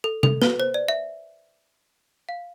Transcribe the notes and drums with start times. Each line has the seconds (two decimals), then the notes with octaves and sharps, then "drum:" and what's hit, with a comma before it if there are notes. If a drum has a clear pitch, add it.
0.04 A4
0.23 A4, drum: tom C3
0.42 B4, drum: snare
0.60 C5
0.74 D5
0.88 E5
2.29 F5